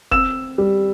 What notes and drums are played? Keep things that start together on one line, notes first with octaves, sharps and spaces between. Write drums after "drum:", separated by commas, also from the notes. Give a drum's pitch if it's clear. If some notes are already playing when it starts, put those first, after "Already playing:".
C4 E6 E7, drum: kick F1
G3